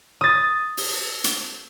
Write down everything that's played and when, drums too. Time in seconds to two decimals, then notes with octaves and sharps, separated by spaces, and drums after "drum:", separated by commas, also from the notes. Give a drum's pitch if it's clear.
0.21 D#6 A6
0.77 drum: open hi-hat
1.24 drum: hi-hat